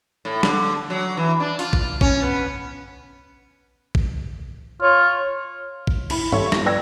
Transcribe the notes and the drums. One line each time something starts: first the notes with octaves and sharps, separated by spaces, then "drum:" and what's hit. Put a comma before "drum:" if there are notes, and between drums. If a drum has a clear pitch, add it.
A2
D3, drum: snare
F#3
E3
D4
F4, drum: open hi-hat
drum: kick A1
C#4, drum: kick A1
B3
drum: kick A1
F4 C#5
drum: kick A1
E4 B5, drum: cymbal
G3 A4 C#5 E5, drum: tom G2
G1 C#6 A#6, drum: snare
B4 D5 G5 E6 G#6 A#6